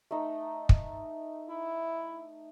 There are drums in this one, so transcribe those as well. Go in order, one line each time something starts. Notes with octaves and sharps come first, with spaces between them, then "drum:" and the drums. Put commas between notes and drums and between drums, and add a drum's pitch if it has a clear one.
A3 D#4
drum: kick
E4